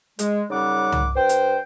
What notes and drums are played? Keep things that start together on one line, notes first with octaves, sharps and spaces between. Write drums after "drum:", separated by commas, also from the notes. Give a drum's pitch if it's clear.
G#3, drum: hi-hat
F#2 C#3 G3 D#4 F#5 D6
drum: tom
G2 C5 G5
drum: hi-hat